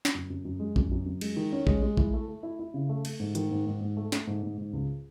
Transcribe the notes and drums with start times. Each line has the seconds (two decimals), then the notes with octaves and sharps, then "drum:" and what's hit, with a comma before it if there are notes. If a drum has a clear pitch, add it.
0.05 drum: snare
0.14 F#2
0.30 F#2
0.45 F#2
0.60 G#3
0.76 F#2, drum: kick A#1
0.91 F#2
1.06 F#2
1.21 G#3, drum: cymbal
1.36 D#3
1.52 C#4
1.67 G#3, drum: kick A#1
1.82 G#3
1.97 E4, drum: kick A#1
2.14 A3
2.28 A3
2.43 E4
2.59 E4
2.74 C#3
2.89 A3
3.05 A3, drum: cymbal
3.20 G#2
3.35 D#3, drum: hi-hat
3.51 G#2
3.66 G#2
3.81 G#2
3.97 A3
4.12 A3, drum: snare
4.27 G#2
4.43 G#2
4.58 G#2
4.73 C#2